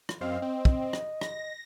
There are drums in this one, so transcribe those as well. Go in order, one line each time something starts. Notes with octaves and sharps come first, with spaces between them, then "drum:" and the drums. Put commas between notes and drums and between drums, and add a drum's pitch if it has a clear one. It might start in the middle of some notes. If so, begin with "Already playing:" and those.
drum: rim click
F#2 C4 D#5 F5
C4
drum: kick
drum: rim click
A#6, drum: rim click